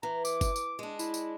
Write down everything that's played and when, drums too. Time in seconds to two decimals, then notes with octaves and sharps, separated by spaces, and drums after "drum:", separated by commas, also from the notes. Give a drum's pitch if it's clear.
0.03 E3 A#5
0.25 D6, drum: tambourine
0.41 drum: kick F#1, tambourine
0.56 drum: tambourine
0.79 G#3 D4
0.99 E4, drum: tambourine
1.14 drum: tambourine